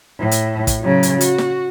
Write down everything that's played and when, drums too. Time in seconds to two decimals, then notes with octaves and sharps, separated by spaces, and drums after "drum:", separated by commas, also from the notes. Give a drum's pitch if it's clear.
0.19 A2
0.31 drum: hi-hat
0.67 drum: kick, hi-hat
0.80 C#3 F#3
1.03 drum: hi-hat
1.21 F#4, drum: hi-hat
1.38 drum: snare